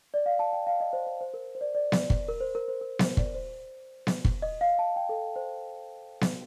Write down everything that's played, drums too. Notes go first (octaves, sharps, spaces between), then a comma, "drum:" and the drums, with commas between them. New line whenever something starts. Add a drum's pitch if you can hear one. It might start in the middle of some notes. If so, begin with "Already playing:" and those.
D5
F5
A5
G5
F5
D#5
C5
C5
C5
A#4
C5
D5
D5
drum: snare B3
drum: kick
A#4
C5
A#4
C5
A#4
C5, drum: snare B3
D5, drum: kick
C5
drum: snare B3
drum: kick
D#5
F5
A5
G5
A4
C5
drum: snare B3